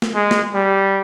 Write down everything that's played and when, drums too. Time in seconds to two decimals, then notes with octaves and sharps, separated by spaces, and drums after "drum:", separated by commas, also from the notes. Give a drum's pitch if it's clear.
0.02 drum: snare
0.15 G#3
0.31 drum: snare
0.54 G3